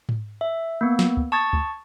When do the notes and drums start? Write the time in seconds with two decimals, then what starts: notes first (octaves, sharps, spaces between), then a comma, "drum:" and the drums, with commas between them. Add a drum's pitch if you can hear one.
0.09 drum: tom G#2
0.41 E5
0.81 A#3 B3
0.99 drum: snare
1.17 drum: kick C#2
1.32 A5 C#6 D#6 G#6 A6
1.53 drum: kick C#2